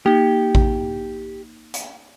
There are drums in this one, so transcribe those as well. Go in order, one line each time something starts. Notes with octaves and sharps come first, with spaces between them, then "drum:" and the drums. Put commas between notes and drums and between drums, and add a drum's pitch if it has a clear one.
A#3 D#4 G4
drum: kick A1
drum: hi-hat